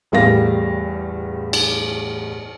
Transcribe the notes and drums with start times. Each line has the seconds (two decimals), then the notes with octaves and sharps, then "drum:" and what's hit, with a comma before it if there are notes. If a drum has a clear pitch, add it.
0.12 A1 E2 G3 A#4 F5 A#6
1.53 drum: cymbal